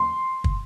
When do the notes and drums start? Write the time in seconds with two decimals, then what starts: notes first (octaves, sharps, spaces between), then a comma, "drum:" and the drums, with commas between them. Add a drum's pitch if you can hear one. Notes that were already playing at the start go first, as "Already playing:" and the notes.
Already playing: C6
0.44 drum: kick